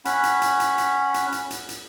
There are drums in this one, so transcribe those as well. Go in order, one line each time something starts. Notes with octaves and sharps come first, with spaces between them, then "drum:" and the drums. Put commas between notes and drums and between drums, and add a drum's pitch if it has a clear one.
C#4 F#5 B5, drum: hi-hat
drum: hi-hat
drum: hi-hat
drum: hi-hat
drum: hi-hat
drum: hi-hat
drum: hi-hat
drum: hi-hat
drum: hi-hat